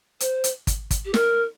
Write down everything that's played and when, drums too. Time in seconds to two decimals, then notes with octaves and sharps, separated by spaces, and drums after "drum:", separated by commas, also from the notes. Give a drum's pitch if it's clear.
0.20 C5, drum: hi-hat
0.44 drum: hi-hat
0.67 drum: kick, hi-hat
0.91 drum: kick, hi-hat
1.05 G4
1.14 A#4, drum: snare